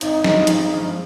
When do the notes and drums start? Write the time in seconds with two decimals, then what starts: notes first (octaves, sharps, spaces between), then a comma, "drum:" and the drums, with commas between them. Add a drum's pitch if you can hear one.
0.01 G#1 D#4, drum: hi-hat
0.24 G2 F3 G#3, drum: snare
0.47 G#1, drum: hi-hat
0.70 G2 F3 G#3